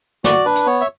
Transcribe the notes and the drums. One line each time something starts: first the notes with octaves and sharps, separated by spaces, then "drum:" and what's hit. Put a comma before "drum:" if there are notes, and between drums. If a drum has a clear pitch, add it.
F#4 D5, drum: snare
D4 B4
drum: hi-hat
B3 C#5
E5